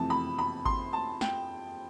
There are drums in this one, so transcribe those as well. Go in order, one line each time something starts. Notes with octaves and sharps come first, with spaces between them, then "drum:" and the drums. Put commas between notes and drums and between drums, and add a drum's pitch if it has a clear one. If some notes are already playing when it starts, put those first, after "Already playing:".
Already playing: F2 C3 E3 A3 A5
B5
B5
C6, drum: kick G#1
A5
G5, drum: snare